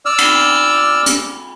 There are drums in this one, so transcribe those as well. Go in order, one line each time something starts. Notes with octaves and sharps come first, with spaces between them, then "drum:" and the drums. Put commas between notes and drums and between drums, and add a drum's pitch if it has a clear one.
D5 E6 F6
drum: cymbal
drum: hi-hat